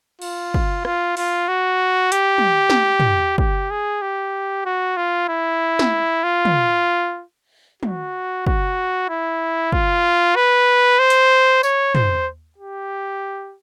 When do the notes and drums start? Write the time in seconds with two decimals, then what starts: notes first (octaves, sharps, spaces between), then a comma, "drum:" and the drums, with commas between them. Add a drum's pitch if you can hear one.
0.22 F4, drum: cymbal
0.54 drum: kick
0.85 F4, drum: rim click
1.17 F4, drum: open hi-hat
1.48 F#4
2.12 G4, drum: hi-hat
2.38 drum: tom
2.70 drum: snare
3.00 drum: tom
3.38 G4, drum: kick
3.70 G#4
4.02 G4
4.66 F#4
4.97 F4
5.29 E4
5.79 drum: snare
6.24 F4
6.45 drum: tom
7.83 F#4, drum: tom
8.46 F#4, drum: kick
9.09 E4
9.72 F4, drum: kick
10.36 B4
10.99 C5
11.10 drum: hi-hat
11.63 C#5, drum: tambourine
11.95 C5, drum: tom
12.58 G4